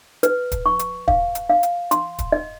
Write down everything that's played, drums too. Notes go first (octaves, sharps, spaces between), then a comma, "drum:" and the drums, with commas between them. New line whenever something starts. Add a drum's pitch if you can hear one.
B4, drum: hi-hat
drum: kick, hi-hat
C#6
drum: hi-hat
F5, drum: kick
drum: hi-hat
F5
drum: hi-hat
C6, drum: hi-hat
drum: kick, hi-hat
D#5